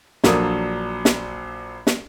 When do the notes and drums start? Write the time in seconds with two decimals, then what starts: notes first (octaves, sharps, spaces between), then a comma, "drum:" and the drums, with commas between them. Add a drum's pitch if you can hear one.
0.24 A#1 F#3 A#3 D4 A4 D#6, drum: snare
1.05 drum: snare
1.87 drum: snare